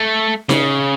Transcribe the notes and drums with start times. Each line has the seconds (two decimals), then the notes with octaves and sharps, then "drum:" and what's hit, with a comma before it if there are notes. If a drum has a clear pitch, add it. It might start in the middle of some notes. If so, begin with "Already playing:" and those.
Already playing: A3
0.49 C#3, drum: snare D#4